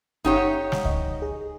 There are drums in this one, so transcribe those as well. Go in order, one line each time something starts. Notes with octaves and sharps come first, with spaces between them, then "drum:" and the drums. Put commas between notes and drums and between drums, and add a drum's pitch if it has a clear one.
G1 C#4 D#4 G4 C#5 F#5
F#5 G6
drum: snare
D#5, drum: kick C#2
G#4